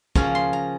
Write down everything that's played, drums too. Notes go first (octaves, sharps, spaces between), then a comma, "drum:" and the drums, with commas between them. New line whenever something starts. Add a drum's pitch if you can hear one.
C#3 F3 A#3 C#4 A#5, drum: kick
C6
A#5